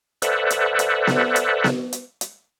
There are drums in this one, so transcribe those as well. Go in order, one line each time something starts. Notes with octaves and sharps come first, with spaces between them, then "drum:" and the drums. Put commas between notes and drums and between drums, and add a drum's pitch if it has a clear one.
A4 B4 C5 D5 E5 F#5, drum: hi-hat
drum: hi-hat
drum: hi-hat
drum: snare B3
drum: hi-hat
drum: snare B3
drum: hi-hat
drum: hi-hat